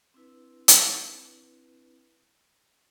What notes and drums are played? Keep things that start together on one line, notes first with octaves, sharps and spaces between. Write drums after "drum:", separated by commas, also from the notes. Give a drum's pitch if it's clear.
C4 D4 E4 B4
drum: hi-hat